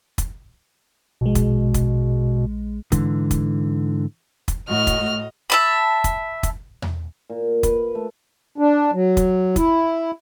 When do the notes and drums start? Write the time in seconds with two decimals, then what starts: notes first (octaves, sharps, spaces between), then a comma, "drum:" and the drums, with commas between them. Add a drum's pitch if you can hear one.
0.18 drum: kick, hi-hat
1.21 A#1 B2 G#3
1.35 drum: kick, hi-hat
1.74 drum: kick, hi-hat
2.92 G#2 D3 E3, drum: kick, hi-hat
3.31 drum: kick, hi-hat
4.48 drum: kick, hi-hat
4.69 A2 F#4 D#5 F6
4.87 drum: kick, hi-hat
5.50 E5 A5 B5
6.04 drum: kick, hi-hat
6.43 drum: kick, hi-hat
6.82 drum: tom E2
7.30 A#2
7.63 B4, drum: kick, hi-hat
7.95 A3
8.58 D4
8.93 F#3
9.17 drum: kick, hi-hat
9.56 E4, drum: kick, hi-hat